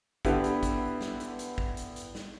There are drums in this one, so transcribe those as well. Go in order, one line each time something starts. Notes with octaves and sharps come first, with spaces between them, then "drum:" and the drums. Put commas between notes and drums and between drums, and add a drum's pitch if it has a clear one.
D3 B3 E4 G4 B4, drum: kick G#1, hi-hat
drum: hi-hat
drum: kick G#1, hi-hat
drum: snare
drum: hi-hat
drum: hi-hat
drum: kick G#1
drum: hi-hat
drum: hi-hat
drum: snare